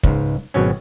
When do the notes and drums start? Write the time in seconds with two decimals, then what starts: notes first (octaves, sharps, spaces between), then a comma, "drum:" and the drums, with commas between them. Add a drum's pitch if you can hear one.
0.03 C#2 G#2, drum: kick
0.54 G#1 B2 F#3 C#4